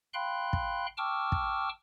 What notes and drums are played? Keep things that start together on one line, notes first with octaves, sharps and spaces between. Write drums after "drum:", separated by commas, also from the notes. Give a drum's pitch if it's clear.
F5 G5 B5 C6 F#6
drum: kick
G5 A5 C#6 D6 E6 F6
drum: kick